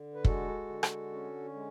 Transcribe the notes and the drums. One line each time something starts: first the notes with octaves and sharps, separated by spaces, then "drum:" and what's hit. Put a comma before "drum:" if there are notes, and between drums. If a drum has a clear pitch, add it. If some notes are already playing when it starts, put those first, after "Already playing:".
Already playing: D3
B4
G#3 F#4 A4, drum: kick
D3
drum: rim click
C#4
G#3